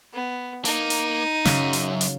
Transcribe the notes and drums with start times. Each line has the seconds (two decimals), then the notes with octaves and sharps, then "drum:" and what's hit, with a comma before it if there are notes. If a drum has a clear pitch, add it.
0.14 B3
0.65 A#3 D#4, drum: hi-hat
0.90 drum: hi-hat
1.45 F#2 C#3 F#3 F5, drum: snare
1.73 drum: hi-hat
2.01 drum: hi-hat